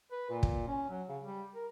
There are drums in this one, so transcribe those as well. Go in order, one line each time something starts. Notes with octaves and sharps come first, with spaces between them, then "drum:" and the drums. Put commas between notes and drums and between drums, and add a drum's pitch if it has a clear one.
B4
A#2
drum: kick
C#4
F#3
C#3
G3
A#4